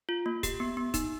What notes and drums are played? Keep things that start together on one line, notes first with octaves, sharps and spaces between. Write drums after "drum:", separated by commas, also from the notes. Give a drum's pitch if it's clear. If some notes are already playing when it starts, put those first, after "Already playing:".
F4
A#3
G4, drum: kick, hi-hat
B3
B3
D#4, drum: kick, hi-hat